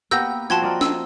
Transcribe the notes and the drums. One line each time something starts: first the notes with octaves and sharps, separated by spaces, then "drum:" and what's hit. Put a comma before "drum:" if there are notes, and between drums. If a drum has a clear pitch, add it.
A#3 B3 G4 E6 G6 A#6
F3 C4 F#4 A5 C6 G#6
A#4 D5 D#5
E6, drum: snare